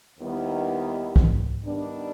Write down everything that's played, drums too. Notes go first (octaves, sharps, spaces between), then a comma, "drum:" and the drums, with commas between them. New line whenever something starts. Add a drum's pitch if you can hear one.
D#2 D#3 G3 B3 E4
drum: kick
D#3 G3 B3 D4